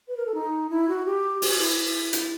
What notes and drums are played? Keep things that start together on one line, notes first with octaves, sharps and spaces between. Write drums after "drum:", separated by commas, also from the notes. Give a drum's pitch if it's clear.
B4
A#4
A4
D#4
E4
F#4
G4
F#4, drum: open hi-hat
E4
E4
drum: hi-hat